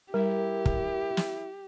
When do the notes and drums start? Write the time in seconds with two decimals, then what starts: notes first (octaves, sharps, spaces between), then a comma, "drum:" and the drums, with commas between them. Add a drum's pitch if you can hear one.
0.14 G3 E4 G4 A#4
0.66 drum: kick
1.17 drum: snare